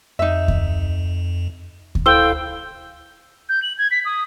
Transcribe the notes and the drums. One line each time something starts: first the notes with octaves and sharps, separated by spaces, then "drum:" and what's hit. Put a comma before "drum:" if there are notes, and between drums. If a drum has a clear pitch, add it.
F2 D#4 E5
drum: kick D2
drum: kick D2
E4 A4 C5 F5 G5 E6 G7
G6
F#7
G#6
B6
D#6